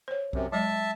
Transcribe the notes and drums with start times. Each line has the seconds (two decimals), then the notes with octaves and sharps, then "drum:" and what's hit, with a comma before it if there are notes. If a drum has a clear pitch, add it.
0.08 C5 C#5
0.33 F#2 C3, drum: kick B1
0.52 F#3 G#3 D#5 E5 A5